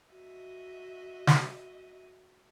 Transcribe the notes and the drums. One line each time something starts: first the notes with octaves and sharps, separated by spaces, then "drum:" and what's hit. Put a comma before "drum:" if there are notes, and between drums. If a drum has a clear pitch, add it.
F#4 D#5 E5
drum: snare